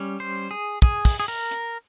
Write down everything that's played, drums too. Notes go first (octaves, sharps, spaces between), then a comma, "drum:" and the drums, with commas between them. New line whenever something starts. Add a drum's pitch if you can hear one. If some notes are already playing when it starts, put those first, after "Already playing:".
Already playing: G3 C#4
C5
G#4
G#4, drum: kick
drum: kick, open hi-hat
G#4
A#4
drum: hi-hat